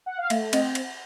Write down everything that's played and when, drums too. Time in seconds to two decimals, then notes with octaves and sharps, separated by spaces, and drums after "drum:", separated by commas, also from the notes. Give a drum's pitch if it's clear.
0.06 F#5
0.18 F5
0.30 A3 E5, drum: cymbal
0.53 C4 D#5, drum: cymbal
0.75 drum: cymbal